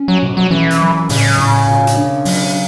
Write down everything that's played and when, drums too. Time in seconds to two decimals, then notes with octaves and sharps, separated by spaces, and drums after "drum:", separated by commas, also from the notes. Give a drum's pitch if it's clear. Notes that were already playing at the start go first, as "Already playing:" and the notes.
Already playing: C#4
0.08 F#3
0.23 B2
0.37 F#3
0.51 E3 C#4
0.71 drum: hi-hat
0.80 F#3
1.09 A2 C#3, drum: open hi-hat
1.38 A2
1.67 B2
1.87 drum: hi-hat
1.97 D4
2.25 F#3, drum: open hi-hat